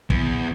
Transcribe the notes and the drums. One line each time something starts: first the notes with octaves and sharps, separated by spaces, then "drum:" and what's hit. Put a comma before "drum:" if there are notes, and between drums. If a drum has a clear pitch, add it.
E2, drum: kick